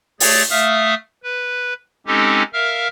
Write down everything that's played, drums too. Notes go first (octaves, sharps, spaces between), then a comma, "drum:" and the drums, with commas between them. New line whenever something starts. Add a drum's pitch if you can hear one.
A3 G#4 C#5 D5 A6, drum: open hi-hat
A3 E5 F5 D#6 F6
B4
G#3 C4 C#4 D#4 G4 A4
A#4 E5 F5 F6